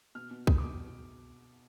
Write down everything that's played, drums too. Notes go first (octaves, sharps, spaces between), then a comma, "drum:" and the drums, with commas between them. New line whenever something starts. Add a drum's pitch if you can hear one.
B2 F6
B2
B2 D#6, drum: kick
D6
B2